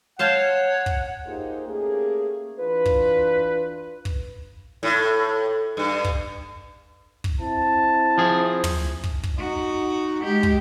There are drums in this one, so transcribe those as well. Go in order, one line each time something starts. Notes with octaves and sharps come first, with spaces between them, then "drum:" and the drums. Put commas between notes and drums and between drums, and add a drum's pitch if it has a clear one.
C5 C#5 F5 F#5 A5
drum: kick
A#3 D#4 F4 G4 G#4 C5
A3 A#3 C#4 G4 G#4
E3 D4 F4 B4
drum: kick
drum: kick
A2
G2
drum: kick
drum: kick
C4 E4 A5
F3 G#4
drum: tom
drum: kick
drum: kick
D#4 F#4
G#3 G4
drum: kick